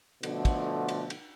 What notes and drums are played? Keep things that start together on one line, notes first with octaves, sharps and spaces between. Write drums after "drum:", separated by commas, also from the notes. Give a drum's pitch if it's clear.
B2 D3 F3 A3, drum: cymbal
drum: kick, cymbal
drum: cymbal
drum: cymbal